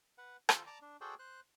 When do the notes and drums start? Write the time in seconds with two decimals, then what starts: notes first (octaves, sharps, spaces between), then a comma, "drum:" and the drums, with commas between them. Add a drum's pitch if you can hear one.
0.18 B4 F#5
0.49 F4 A4 C5, drum: rim click
0.67 D5 A5 A#5 D6
0.82 D4
1.01 F#4 G#4 A4 C5 D5 G5
1.19 C5 F#6